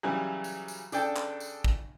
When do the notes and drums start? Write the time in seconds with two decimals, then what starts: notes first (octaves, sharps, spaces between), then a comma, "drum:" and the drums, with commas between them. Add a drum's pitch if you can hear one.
0.03 C#3 E3 F#3 G3
0.44 drum: tambourine
0.68 drum: tambourine
0.92 C#3 D4 A4 G5, drum: tambourine
1.16 drum: clap
1.40 drum: tambourine
1.64 drum: kick